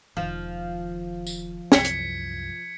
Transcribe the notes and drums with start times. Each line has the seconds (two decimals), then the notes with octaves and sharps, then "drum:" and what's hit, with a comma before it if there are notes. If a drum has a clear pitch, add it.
0.17 E1 D#3 F3
1.27 drum: tambourine
1.72 C2 F#2 G#6 B6 C#7, drum: snare
1.85 drum: hi-hat